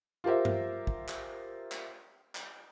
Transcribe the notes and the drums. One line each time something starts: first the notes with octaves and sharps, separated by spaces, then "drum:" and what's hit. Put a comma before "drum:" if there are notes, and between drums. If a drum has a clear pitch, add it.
F4 G4 A#4 C5 E5
drum: tom G2
drum: kick
drum: clap
drum: clap
drum: clap